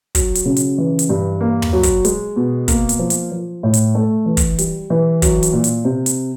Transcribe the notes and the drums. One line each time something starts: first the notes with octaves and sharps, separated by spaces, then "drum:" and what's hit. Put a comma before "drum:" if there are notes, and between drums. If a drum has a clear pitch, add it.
F#3, drum: kick, hi-hat
drum: hi-hat
C#3
drum: hi-hat
E3
drum: hi-hat
G2
A#3
drum: tom
F#3
drum: kick, hi-hat
G#3, drum: hi-hat
B2
A#3, drum: kick, hi-hat
drum: hi-hat
F3
drum: hi-hat
F3
A2
drum: hi-hat
A3
E3
drum: kick, hi-hat
G3, drum: hi-hat
E3
F#3, drum: kick, hi-hat
drum: hi-hat
A#2
drum: hi-hat
C3
drum: hi-hat